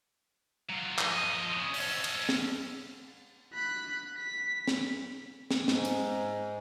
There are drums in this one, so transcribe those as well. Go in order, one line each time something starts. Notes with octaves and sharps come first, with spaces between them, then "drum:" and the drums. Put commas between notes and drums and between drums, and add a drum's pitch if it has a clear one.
F#3 F4
F3 D#5, drum: clap
C#3
C#4 A4, drum: open hi-hat
drum: cymbal
drum: snare
B5 F#6
B6
drum: snare
drum: snare
G#2, drum: snare
drum: hi-hat